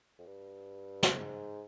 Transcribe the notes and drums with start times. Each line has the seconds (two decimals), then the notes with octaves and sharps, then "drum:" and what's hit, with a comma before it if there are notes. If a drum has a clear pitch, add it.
0.19 F2
0.26 G2
1.03 drum: snare
1.16 G#2